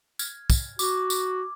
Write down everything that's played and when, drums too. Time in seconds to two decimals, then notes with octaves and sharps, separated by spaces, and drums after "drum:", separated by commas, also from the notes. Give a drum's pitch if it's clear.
0.19 F6 G#6, drum: tambourine
0.50 drum: kick, tambourine
0.79 F#4 D6, drum: tambourine
1.10 drum: tambourine